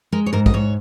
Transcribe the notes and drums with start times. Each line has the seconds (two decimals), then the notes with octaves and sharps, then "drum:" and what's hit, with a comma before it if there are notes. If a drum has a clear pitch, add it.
0.12 G#3 A#4
0.26 C#5
0.33 G#2 A#4
0.46 D#5, drum: kick
0.54 G#2 C#5